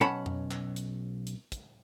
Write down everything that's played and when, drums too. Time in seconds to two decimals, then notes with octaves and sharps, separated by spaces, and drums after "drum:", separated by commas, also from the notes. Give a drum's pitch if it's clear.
0.01 B1 C#4 F#5 A5 B5
0.26 drum: tom F2
0.51 drum: clap
0.76 drum: hi-hat
1.27 drum: hi-hat
1.52 drum: kick, hi-hat